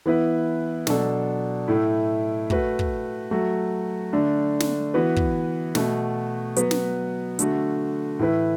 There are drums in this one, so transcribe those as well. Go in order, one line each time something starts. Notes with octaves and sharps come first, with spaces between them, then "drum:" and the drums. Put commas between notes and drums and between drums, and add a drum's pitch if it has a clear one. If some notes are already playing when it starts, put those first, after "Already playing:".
E3 B3 E4 B4
B2 F#3 D4 A4, drum: snare
A2 A3 E4
A3 F#4 B4, drum: kick
drum: kick
F#3 A3 F#4
D3 A3 D4
drum: snare
E3 B3 F#4 B4
drum: kick
B2 A3 F#4, drum: snare
F#3 B3 F#4 B4, drum: hi-hat
drum: snare
D3 A3 F#4, drum: hi-hat
A2 E3 A3 E4 B4